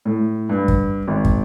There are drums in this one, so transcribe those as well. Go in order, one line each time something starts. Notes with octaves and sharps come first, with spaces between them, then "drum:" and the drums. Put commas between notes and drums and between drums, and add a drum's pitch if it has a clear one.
A2
G2
drum: kick
G#1
drum: kick